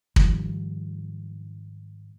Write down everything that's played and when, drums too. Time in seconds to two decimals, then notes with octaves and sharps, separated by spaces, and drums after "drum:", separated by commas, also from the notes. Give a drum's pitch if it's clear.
0.16 G#2 D#3 F3 G3, drum: kick